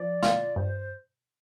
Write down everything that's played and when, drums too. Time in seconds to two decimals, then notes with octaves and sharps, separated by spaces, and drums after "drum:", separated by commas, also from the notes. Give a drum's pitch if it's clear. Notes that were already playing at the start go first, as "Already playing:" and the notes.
Already playing: F3 D5
0.23 F4, drum: snare
0.56 G2 C5